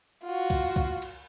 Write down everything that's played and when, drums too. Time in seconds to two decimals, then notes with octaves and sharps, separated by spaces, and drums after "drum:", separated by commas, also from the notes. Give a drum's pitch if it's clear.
0.24 F4 F#4
0.50 drum: kick C2, cymbal
0.76 drum: kick C2
1.02 drum: cymbal